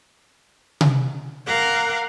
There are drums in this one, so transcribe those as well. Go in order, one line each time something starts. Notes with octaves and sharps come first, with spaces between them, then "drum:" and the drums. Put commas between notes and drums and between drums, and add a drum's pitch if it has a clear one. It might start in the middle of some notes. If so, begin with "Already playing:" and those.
drum: tom C3
A#4 F5 F#5 A#5 D6